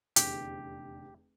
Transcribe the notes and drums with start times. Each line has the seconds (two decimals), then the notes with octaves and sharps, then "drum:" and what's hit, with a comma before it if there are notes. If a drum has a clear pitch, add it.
0.16 F1 E2 D3 G4, drum: hi-hat